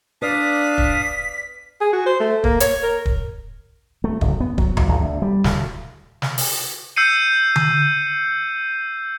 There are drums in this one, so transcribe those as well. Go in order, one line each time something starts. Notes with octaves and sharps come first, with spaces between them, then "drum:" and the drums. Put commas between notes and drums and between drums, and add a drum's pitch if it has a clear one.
D4 B4 D5 F5 D#6 B6
drum: kick
G#4
F#4
C5
A3
A#3, drum: kick
C#5, drum: hi-hat
A#4
drum: kick
A3
F#1, drum: kick
B3
F#3, drum: kick
F#1, drum: tom D2
G#1
D2
G3
D1, drum: snare
drum: snare
drum: open hi-hat
E6 G6 C7 C#7 D#7
drum: tom D3